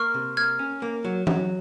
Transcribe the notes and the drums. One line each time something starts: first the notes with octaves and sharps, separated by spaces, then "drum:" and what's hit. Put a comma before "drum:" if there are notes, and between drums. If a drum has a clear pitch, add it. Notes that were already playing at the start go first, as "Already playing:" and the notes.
Already playing: A#3 C#6 F6
C3
A#3 F6 G#6
C#4
A#3
F#3
F#3, drum: tom E3